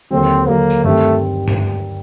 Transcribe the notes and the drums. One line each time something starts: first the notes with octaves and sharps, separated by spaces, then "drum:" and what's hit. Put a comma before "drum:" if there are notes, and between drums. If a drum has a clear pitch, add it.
D#2 D3 F#3 C4
D#2 D3 F#3 A#3
drum: tambourine
G2 D#3 G3 A3 C4
drum: tom G2